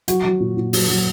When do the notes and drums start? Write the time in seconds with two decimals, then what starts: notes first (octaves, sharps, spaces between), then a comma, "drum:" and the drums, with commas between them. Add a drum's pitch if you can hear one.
0.08 F#3 F#4, drum: hi-hat
0.25 F#3
0.40 A#2
0.57 A#2
0.73 F#3, drum: open hi-hat
0.88 F#3